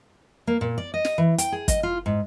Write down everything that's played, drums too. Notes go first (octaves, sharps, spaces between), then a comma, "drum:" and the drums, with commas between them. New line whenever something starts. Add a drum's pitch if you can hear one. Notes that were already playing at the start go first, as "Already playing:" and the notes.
A#3
A#2
D5
D#5
drum: snare
E3
G5, drum: hi-hat
G#4
D#5, drum: kick, hi-hat
F4
G#2